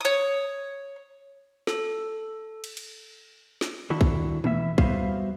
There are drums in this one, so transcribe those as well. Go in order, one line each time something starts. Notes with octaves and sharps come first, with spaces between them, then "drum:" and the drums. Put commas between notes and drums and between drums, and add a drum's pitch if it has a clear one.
C#5 D#6
A4, drum: snare
drum: cymbal
drum: cymbal
drum: snare
D#3 D4 E4 F#4 A4
drum: kick
B2 E3 E5, drum: tom
G3 B3 F#4 C5 E5 F5, drum: kick